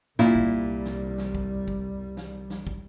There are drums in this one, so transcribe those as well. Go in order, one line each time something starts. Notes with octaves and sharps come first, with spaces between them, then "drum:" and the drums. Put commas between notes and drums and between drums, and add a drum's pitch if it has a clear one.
C2 A#2 G3 E4
drum: kick
drum: snare
drum: snare
drum: kick
drum: kick
drum: snare
drum: snare
drum: kick